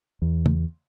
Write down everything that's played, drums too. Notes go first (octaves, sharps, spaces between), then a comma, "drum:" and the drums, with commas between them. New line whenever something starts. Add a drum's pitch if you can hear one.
E2
drum: tom